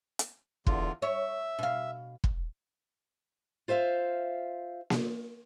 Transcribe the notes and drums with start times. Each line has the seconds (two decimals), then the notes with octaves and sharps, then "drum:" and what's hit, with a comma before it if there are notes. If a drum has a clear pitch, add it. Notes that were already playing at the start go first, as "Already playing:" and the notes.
0.19 drum: hi-hat
0.67 E2 D3 F4, drum: kick
1.02 C#5 E5
1.59 B2 F5
2.24 drum: kick
3.68 F4 C5 E5 F5
4.90 drum: snare A#3